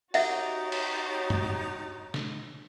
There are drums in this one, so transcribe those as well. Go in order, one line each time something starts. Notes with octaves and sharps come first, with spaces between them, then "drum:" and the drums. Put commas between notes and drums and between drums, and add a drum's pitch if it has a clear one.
D#4 F#4 G4 C#5 E5 F#5 A6, drum: open hi-hat
drum: cymbal
drum: tom F#2
drum: snare